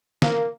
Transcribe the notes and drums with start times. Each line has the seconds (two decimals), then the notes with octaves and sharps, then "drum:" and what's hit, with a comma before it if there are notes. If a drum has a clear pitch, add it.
0.22 A#3, drum: snare